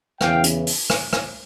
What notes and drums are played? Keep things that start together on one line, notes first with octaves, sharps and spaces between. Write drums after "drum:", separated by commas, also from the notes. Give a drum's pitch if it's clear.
E2 C#3 E3 F5 G5, drum: rim click
drum: hi-hat
drum: open hi-hat
drum: rim click
drum: rim click